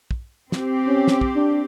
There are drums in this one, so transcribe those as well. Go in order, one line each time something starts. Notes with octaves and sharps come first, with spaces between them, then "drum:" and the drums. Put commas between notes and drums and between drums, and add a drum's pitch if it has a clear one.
drum: kick
C4 G4, drum: snare
C#4
drum: snare
drum: kick
D4